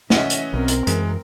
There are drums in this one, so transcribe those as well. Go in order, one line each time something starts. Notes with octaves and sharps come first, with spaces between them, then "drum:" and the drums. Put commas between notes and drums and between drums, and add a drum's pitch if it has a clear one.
E3 A3 C#4 D#5 E5 F#5, drum: snare
drum: hi-hat
B1 C4 A#4
drum: hi-hat
F#2 E3 G#3, drum: hi-hat